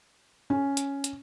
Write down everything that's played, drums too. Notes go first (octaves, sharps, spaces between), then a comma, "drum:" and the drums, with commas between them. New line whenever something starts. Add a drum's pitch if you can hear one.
C#4
drum: hi-hat
drum: hi-hat